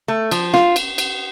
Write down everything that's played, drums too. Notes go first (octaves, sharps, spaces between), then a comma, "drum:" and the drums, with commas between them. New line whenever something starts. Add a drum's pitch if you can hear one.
A3
F3, drum: cymbal
F4, drum: snare
drum: cymbal
drum: cymbal